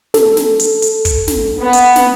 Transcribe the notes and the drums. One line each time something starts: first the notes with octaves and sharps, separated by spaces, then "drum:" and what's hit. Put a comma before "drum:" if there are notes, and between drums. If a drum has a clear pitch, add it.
A4, drum: snare
drum: snare
drum: hi-hat
drum: hi-hat
drum: kick, hi-hat
drum: snare
B3
drum: hi-hat
drum: snare